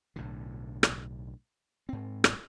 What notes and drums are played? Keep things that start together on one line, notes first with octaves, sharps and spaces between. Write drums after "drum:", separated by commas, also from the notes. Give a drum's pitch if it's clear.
B1 A2 D3
drum: rim click
G#2 C4
drum: rim click